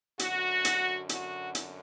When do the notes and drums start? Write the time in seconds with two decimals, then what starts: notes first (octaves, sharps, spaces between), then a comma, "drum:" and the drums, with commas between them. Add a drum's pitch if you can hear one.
0.19 F#2 D3 F#4, drum: hi-hat
0.65 drum: hi-hat
1.09 F#4, drum: hi-hat
1.55 drum: hi-hat